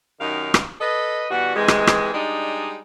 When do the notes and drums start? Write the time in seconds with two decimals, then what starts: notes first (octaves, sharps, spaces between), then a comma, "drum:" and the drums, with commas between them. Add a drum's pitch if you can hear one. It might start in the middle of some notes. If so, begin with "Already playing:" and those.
0.19 F#2 D#3 D#4 G4 F5
0.54 drum: rim click
0.80 A4 B4 D#5
1.30 B2 E3 G3 F#4
1.55 C3 E3 G#3
1.68 drum: rim click
1.87 drum: rim click
2.12 G3 G#3 D4 D#4